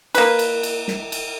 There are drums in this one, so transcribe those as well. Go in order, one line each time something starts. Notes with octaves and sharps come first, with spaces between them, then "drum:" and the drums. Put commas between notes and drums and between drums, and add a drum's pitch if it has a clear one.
A#3 B4, drum: cymbal
drum: cymbal
drum: cymbal
drum: snare
drum: cymbal